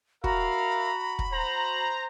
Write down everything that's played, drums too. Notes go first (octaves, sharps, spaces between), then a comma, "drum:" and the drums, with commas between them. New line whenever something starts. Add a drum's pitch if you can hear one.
F#4 A#4 E5 F5 A#5 B5, drum: kick
drum: kick
C5 A#5 F#7